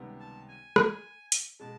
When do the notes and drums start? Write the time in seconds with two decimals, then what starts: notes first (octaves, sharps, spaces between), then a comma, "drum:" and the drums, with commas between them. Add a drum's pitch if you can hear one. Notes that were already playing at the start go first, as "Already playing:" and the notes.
Already playing: C#2 C3 D#3 G3 B3
0.20 A5
0.48 G#5
0.76 drum: rim click
1.32 drum: hi-hat
1.60 B2 G#3 A5